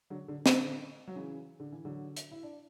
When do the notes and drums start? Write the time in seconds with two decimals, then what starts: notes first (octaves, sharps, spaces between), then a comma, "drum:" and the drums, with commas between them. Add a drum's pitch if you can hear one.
0.10 D3 F#3
0.28 D3
0.46 D3, drum: snare
1.08 F#3
1.15 C#3 E3
1.60 D3
1.72 E3
1.85 D3 F#3
2.17 drum: hi-hat
2.31 E4
2.43 D4